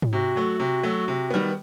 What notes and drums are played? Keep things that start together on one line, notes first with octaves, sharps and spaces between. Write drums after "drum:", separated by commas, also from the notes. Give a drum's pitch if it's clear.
drum: tom G#2
C3 F#4
F#3 A3
C3
F#3 A3
C3
D#3 G3 B3